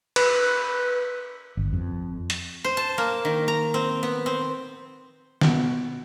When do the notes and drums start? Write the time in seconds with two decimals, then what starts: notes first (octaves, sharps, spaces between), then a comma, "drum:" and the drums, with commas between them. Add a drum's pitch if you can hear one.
0.16 B4, drum: cymbal
1.57 G1
1.73 F2
2.30 drum: hi-hat
2.64 C5
2.77 A5
2.98 A#3
3.25 D#3
3.48 A#5
3.74 C4
4.03 B3
4.26 C4
5.41 B2, drum: snare